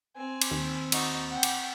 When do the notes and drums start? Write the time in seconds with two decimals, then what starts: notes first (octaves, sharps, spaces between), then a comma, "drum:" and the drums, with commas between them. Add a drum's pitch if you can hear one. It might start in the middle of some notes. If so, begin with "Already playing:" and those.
0.17 C4 G#5
0.42 drum: cymbal
0.51 D#2
0.92 D#4 F#4, drum: cymbal
1.31 F#5 G5
1.43 drum: cymbal